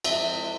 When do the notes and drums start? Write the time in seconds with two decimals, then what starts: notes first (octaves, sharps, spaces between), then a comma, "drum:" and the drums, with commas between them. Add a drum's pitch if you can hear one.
0.04 F3 G#3 C4 E4 E5, drum: cymbal